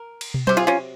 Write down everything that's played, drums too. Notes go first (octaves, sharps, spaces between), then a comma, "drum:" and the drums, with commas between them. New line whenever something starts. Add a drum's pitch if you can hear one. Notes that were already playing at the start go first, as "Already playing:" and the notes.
Already playing: A#4
drum: cymbal
drum: tom
C3 F#3 C5, drum: tom F#3
F4 G#4
C#4 F4